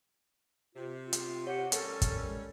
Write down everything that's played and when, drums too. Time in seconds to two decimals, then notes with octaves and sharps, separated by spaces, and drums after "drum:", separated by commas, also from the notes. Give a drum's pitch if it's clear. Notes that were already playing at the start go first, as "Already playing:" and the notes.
0.75 C3 F4
1.03 F4
1.13 drum: hi-hat
1.47 G4 C#5 F#5
1.72 G3 C#4 A4 A#4, drum: hi-hat
2.02 drum: kick, hi-hat
2.25 G#3